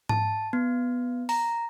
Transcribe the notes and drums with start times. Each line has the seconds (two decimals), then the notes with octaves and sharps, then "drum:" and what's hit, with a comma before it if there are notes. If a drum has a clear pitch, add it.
0.09 A5, drum: tom G#2
0.53 B3
1.29 A#5, drum: open hi-hat